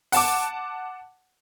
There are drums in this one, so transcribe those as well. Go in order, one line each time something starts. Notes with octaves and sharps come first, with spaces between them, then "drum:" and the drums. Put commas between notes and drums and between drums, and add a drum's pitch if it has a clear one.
F#5 A5 D6, drum: open hi-hat